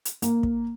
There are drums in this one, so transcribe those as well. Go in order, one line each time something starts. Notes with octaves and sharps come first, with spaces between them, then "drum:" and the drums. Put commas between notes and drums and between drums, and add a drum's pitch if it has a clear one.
drum: hi-hat
A#3, drum: hi-hat
drum: kick